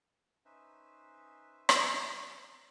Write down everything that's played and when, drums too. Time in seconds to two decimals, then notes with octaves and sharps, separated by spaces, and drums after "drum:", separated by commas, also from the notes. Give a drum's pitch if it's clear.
0.45 C#4 D#4 B4 C5 E5
1.69 drum: rim click